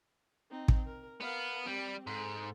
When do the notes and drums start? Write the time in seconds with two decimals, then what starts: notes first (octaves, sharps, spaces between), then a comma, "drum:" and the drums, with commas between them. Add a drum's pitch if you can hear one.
0.51 C4 D#4
0.68 drum: kick
0.86 A#4
1.21 B3 A#4 F5
1.66 G3 C4 G4
2.07 G#2 A4